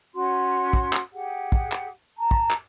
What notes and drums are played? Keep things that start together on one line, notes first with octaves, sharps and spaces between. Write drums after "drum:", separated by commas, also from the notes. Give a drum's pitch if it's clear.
C#4 F#4 C6
drum: kick
drum: clap
G4 G#4 F#5
drum: kick
drum: clap
A5 A#5
drum: kick
drum: clap